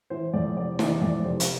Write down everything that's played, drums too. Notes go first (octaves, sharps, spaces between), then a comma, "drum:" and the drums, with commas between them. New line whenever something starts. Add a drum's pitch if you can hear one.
E3 C5
F2 D5
F1 D5
E3 D5, drum: snare
F2 D5
F1 C5
drum: hi-hat